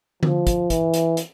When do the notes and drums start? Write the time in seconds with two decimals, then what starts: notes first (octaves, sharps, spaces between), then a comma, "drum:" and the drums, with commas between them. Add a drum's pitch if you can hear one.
0.23 F3, drum: tom D3
0.47 drum: kick, hi-hat
0.70 E3, drum: kick, hi-hat
0.94 drum: hi-hat
1.17 drum: hi-hat